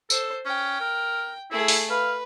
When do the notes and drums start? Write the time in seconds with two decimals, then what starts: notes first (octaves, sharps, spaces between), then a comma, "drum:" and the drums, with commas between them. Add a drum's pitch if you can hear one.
0.10 A4 C5, drum: tambourine
0.46 C#4 G5
0.81 A#4
1.51 A3 E4 G#4
1.68 drum: open hi-hat
1.90 B4 F5